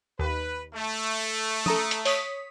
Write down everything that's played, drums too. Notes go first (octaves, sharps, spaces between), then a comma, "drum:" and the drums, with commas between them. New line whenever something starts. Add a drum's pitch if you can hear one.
D#2 B4
A3
A4 A#5 D#6, drum: tom
drum: hi-hat
C#5 D#6 B6, drum: open hi-hat